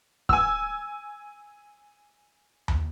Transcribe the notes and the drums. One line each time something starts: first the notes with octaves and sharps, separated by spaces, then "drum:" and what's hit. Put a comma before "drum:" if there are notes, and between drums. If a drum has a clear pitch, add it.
G#5 E6, drum: kick
drum: tom D#2